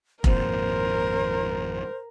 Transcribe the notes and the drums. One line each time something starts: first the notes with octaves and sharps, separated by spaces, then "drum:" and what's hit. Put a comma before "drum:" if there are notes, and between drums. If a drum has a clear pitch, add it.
G#1 F2 A#2 A#4 C5, drum: kick F1